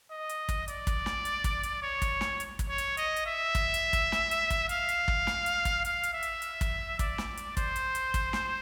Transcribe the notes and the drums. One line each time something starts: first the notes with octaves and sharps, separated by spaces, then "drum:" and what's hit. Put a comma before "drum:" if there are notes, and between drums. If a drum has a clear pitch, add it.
D#5
drum: hi-hat
drum: kick, hi-hat
D5, drum: hi-hat
drum: kick, hi-hat
drum: snare
drum: hi-hat
drum: kick, hi-hat
drum: hi-hat
C#5
drum: kick, hi-hat
drum: snare
drum: hi-hat
drum: kick, hi-hat
C#5
drum: hi-hat
D#5, drum: hi-hat
drum: hi-hat
E5
drum: kick, hi-hat
drum: hi-hat
drum: kick, hi-hat
drum: snare
drum: hi-hat
drum: kick, hi-hat
F5, drum: hi-hat
drum: hi-hat
drum: kick
drum: snare
drum: hi-hat
drum: kick, hi-hat
F5, drum: hi-hat
drum: hi-hat
E5
drum: hi-hat
drum: hi-hat
drum: kick, hi-hat
D5, drum: kick, hi-hat
drum: snare
drum: hi-hat
C5, drum: kick, hi-hat
drum: hi-hat
drum: hi-hat
drum: kick, hi-hat
drum: snare